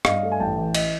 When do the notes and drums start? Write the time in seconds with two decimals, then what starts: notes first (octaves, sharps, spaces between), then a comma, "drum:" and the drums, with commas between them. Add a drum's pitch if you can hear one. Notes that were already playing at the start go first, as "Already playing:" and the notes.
0.05 G2 D#5 F5, drum: rim click
0.23 A3
0.32 G#5
0.40 A1 G5 A5
0.58 E3
0.75 D#5, drum: cymbal